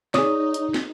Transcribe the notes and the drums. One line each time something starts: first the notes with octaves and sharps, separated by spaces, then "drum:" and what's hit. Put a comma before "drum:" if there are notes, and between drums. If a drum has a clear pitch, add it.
D#4 G#4 C#5 D5 D#6, drum: snare
drum: hi-hat
drum: snare